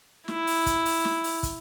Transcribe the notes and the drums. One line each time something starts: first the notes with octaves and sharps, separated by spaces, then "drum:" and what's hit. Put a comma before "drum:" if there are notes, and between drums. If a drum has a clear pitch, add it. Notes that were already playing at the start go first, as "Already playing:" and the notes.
E4, drum: snare
drum: open hi-hat
drum: kick, hi-hat
drum: open hi-hat
drum: snare
drum: open hi-hat
drum: kick, hi-hat